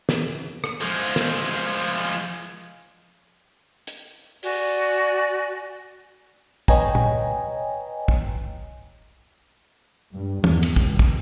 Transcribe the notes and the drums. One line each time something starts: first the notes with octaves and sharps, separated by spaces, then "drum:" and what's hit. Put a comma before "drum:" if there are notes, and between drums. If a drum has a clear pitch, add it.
drum: snare
drum: rim click
F3 G#3
drum: snare
drum: hi-hat
F#4 D5 G#5, drum: open hi-hat
B4 C#5 D#5 G5 G#5 A#5, drum: kick
drum: tom
drum: kick
G2
E2, drum: tom
drum: cymbal
C#2, drum: kick
drum: kick